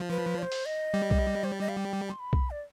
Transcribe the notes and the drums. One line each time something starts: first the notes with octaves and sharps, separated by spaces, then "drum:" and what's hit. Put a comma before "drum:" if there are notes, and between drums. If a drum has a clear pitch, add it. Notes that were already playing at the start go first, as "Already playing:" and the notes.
Already playing: F3
B4
D5
C5
drum: open hi-hat
D#5
G3
drum: kick B1
C5
D5
D#5
F5
G5
C6
B5
drum: kick B1
D5